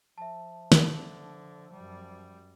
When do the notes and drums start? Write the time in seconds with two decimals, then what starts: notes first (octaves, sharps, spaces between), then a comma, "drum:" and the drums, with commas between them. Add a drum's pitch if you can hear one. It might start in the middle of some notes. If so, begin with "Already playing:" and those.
0.18 F3 E5 A5
0.72 drum: snare
0.90 D3
1.72 F#2 G3